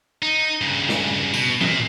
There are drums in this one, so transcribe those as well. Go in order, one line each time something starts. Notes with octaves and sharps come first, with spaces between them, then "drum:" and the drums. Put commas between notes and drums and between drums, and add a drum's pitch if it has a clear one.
D#4
G2 C#3
drum: snare
B2, drum: tambourine
A#2, drum: tom E3